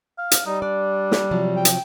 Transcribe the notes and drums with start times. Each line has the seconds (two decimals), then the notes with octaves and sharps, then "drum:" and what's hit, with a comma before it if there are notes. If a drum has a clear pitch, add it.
0.18 F5
0.31 drum: hi-hat
0.46 G3 D#4
0.62 D4 D5
1.12 drum: snare
1.31 C3 F3 F#3
1.56 G5
1.65 drum: hi-hat